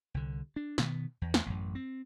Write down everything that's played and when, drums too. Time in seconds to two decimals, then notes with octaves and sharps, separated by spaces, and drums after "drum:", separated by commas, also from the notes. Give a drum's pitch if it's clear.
0.14 C2 D3
0.56 D4
0.78 B2 D#3 B3, drum: snare
1.22 E2
1.34 drum: snare
1.46 A1 F#2
1.75 C4